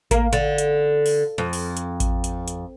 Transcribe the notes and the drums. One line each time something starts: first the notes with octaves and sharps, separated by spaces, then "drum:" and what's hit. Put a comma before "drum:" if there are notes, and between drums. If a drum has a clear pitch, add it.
A#3, drum: kick A1, hi-hat
D3, drum: hi-hat
drum: hi-hat
drum: open hi-hat
F2
drum: open hi-hat
drum: hi-hat
drum: kick A1, hi-hat
drum: hi-hat
drum: hi-hat